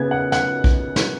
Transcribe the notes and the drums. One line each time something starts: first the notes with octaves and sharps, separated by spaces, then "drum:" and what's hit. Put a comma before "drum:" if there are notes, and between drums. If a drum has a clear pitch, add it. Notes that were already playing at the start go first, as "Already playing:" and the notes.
Already playing: C#3 B3 G#6
F#5
F#5, drum: snare
drum: kick B1
drum: snare